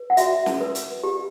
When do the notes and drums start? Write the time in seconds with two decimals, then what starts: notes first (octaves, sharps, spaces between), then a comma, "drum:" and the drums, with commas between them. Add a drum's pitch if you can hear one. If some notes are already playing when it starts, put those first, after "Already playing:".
Already playing: B4
0.10 F#5
0.17 F#4 E5, drum: hi-hat
0.46 drum: snare
0.61 B4
0.75 drum: hi-hat
1.03 G4